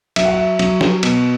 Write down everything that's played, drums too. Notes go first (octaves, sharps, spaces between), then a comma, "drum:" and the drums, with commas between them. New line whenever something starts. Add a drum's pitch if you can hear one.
F#3 E5, drum: cymbal
F#5
E5
F#3, drum: cymbal
drum: snare
B2, drum: cymbal